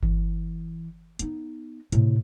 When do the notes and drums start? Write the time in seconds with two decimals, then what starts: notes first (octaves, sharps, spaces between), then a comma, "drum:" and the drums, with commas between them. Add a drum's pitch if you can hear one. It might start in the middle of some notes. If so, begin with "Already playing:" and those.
0.03 E3, drum: kick G1
1.19 B3 D#4, drum: hi-hat
1.92 A2 C3, drum: hi-hat